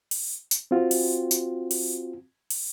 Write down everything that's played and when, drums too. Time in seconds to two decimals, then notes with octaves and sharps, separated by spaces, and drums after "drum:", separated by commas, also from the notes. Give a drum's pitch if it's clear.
0.11 drum: open hi-hat
0.51 drum: hi-hat
0.71 C4 F4 F#4
0.91 drum: open hi-hat
1.31 drum: hi-hat
1.71 drum: open hi-hat
2.50 drum: open hi-hat